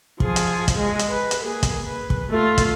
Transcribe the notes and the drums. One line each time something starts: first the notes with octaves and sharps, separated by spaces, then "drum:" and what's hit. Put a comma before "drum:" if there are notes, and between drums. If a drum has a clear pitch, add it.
F3 G#4, drum: kick
drum: hi-hat
drum: kick, hi-hat
G#3
drum: hi-hat
B4
drum: hi-hat
A#3 G#4
drum: kick, hi-hat
B4
drum: kick
A3 F4
drum: kick, hi-hat